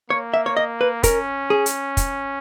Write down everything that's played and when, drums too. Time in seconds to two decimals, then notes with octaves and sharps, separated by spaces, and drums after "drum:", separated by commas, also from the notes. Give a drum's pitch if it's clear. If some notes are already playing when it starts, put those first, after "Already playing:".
0.10 A#3 C#5
0.34 E5
0.46 C#5
0.57 D#5
0.81 B4
1.03 C#4 A#4, drum: kick, hi-hat
1.50 G#4
1.66 drum: hi-hat
1.97 drum: kick, hi-hat